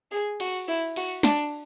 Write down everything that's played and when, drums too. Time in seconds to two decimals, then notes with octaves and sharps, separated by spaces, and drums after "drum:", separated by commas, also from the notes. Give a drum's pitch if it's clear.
0.11 G#4
0.40 F#4, drum: cymbal
0.67 E4
0.96 F#4, drum: cymbal
1.23 D4, drum: snare